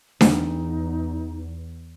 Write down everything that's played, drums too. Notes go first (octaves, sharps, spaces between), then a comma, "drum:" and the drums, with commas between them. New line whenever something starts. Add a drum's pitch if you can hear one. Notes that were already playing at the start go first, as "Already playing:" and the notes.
E2 D#4, drum: snare D4